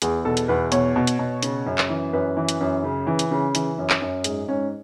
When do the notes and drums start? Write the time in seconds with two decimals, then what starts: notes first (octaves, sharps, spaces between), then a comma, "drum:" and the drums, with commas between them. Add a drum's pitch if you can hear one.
0.02 E2 G#4, drum: hi-hat
0.25 B2 A4
0.37 drum: hi-hat
0.48 E2 B4
0.72 B2 C#5, drum: hi-hat
0.96 B2
1.07 drum: hi-hat
1.19 B2
1.43 C#3, drum: hi-hat
1.66 F#2
1.78 drum: clap
1.90 E3
2.13 F#2 B4
2.37 E3
2.49 drum: hi-hat
2.61 F#2
2.84 C#3
3.07 E3
3.19 drum: hi-hat
3.31 C#3
3.55 E3, drum: hi-hat
3.78 F#2
3.90 drum: clap
4.02 F#2
4.24 G#2 G#4, drum: hi-hat
4.48 G#2 C#4